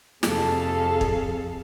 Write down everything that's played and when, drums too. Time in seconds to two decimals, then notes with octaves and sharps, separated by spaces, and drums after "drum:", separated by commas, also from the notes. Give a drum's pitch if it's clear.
0.23 F2 C3 G#4 A4 F5 A5, drum: snare
1.01 drum: kick